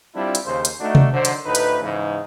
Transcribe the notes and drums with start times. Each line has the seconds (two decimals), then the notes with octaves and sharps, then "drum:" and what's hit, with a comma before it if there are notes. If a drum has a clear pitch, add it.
0.14 G3 C4 D4 E4 F4
0.35 drum: hi-hat
0.45 D#2 C#3 C5
0.65 drum: hi-hat
0.80 A3 D4 D#4 F#4
0.95 drum: tom C3
1.12 D3 D#3 F#3 C5
1.25 drum: hi-hat
1.45 D2 A2 D#4 B4
1.55 drum: hi-hat
1.82 G#2 C#3 E3 D#4